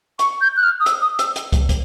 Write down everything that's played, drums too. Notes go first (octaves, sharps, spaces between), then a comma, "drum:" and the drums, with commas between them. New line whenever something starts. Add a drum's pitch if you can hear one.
C#6, drum: hi-hat
G6
F#6
F6
D#6
E6, drum: hi-hat
D#6
E6, drum: hi-hat
drum: hi-hat
drum: kick, hi-hat
drum: kick, hi-hat